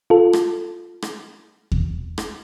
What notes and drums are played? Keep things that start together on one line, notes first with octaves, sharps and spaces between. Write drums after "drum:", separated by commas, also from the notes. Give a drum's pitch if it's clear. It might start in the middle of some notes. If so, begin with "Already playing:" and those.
F4 A4
drum: rim click
drum: rim click
drum: kick D#2
drum: rim click